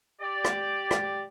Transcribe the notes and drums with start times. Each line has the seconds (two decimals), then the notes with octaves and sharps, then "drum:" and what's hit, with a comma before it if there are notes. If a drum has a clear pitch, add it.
0.21 G4 D5
0.44 drum: rim click
0.91 drum: rim click